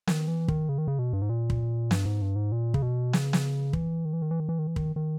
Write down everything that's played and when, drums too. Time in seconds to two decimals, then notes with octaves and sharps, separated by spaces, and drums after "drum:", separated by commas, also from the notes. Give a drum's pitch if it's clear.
0.07 D#3, drum: snare
0.28 E3
0.48 D#3, drum: kick
0.69 C#3
0.78 D#3
0.88 C#3
0.99 B2
1.13 G2
1.21 G#2
1.29 A#2
1.50 drum: kick
1.91 G2, drum: snare
2.05 G#2
2.21 G2
2.36 G#2
2.52 A#2
2.74 C#3, drum: kick
2.82 B2
3.13 C#3, drum: snare
3.33 drum: snare
3.73 E3, drum: kick
4.05 D#3
4.13 E3
4.22 D#3
4.31 E3
4.40 D#3
4.49 E3
4.59 D#3
4.67 E3
4.76 D#3, drum: kick
4.96 D#3